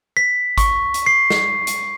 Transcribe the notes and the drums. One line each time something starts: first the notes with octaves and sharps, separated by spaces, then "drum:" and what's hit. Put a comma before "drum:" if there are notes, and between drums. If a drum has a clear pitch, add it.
B6
C#6, drum: kick G#1, hi-hat
drum: hi-hat
C7
drum: snare
drum: hi-hat